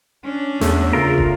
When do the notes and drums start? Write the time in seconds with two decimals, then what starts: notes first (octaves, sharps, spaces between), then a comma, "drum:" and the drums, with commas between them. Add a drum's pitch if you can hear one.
0.25 C#4 D4
0.61 E2 A3, drum: snare
0.93 C#3 F4 A#4
1.18 drum: kick